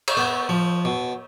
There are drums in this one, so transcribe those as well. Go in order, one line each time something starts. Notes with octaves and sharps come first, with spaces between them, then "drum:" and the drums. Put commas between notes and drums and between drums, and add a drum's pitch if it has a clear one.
drum: cymbal
B3
F3
B2